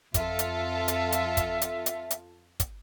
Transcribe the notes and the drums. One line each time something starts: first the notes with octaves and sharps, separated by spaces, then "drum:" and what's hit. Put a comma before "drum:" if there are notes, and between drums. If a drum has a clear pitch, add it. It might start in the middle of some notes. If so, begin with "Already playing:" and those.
F2 F4 A4 E5, drum: kick, hi-hat
drum: hi-hat
drum: hi-hat
drum: hi-hat
drum: kick, hi-hat
drum: hi-hat
drum: hi-hat
drum: hi-hat
drum: kick, hi-hat